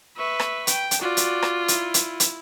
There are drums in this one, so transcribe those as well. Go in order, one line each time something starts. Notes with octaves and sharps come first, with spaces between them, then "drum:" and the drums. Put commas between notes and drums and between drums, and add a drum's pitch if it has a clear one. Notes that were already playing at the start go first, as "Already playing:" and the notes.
B4 E5 C#6
drum: rim click
G5, drum: hi-hat
drum: hi-hat
F4 F#4 D5
drum: hi-hat
drum: rim click
E4, drum: hi-hat
drum: hi-hat
drum: hi-hat